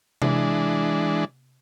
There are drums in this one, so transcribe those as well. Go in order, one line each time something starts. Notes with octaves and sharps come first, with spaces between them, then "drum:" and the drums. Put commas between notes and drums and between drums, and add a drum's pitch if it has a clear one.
E3 G#3 D4, drum: tom C3